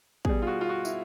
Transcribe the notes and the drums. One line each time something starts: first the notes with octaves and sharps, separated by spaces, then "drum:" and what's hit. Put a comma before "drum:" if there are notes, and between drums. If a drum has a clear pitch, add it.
B2 G3 G#4, drum: kick
F4
F#4
F4
F#4
E4, drum: tambourine